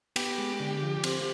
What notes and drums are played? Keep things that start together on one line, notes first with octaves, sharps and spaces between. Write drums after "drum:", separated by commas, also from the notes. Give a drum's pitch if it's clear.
B3 G4, drum: cymbal
G#3
D3
F3
C4, drum: cymbal